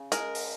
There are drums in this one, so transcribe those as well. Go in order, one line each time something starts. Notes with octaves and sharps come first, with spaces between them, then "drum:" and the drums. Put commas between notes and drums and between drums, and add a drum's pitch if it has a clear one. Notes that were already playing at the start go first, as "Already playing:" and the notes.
Already playing: C#3
G#3 A#4, drum: hi-hat
drum: open hi-hat